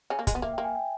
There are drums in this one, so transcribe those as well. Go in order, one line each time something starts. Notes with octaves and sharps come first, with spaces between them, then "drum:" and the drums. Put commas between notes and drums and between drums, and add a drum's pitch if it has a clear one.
C#3 C#4
A#3
G#3, drum: kick, hi-hat
B3
A#3 E5
G5
A#3
G#5
G5